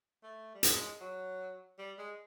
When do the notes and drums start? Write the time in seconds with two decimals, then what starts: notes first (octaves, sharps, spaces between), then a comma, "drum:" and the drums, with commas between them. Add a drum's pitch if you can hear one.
0.23 A3
0.55 G3
0.63 G#3, drum: hi-hat
1.01 F#3
1.78 G3
1.98 G#3